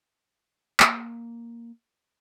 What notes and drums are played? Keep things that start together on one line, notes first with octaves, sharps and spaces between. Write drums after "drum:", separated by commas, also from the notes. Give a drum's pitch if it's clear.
A#3, drum: clap